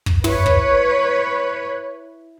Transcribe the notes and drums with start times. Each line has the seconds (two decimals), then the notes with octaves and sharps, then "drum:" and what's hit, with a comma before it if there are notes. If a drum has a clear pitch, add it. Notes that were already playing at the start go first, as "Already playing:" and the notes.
0.06 drum: kick
0.24 E4 B4 C#5, drum: tom
0.46 drum: kick